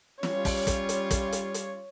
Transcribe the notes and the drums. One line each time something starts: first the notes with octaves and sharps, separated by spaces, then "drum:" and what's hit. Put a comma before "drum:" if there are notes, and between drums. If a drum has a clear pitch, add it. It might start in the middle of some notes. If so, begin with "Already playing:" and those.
G3 C#4 F4 C#5, drum: snare
drum: kick, open hi-hat
drum: kick, hi-hat
drum: hi-hat
drum: kick, hi-hat
drum: hi-hat
drum: hi-hat